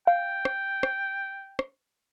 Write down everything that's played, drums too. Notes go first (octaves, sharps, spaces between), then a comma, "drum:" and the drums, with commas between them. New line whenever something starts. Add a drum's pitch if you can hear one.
F5 G5
drum: rim click
drum: rim click
drum: rim click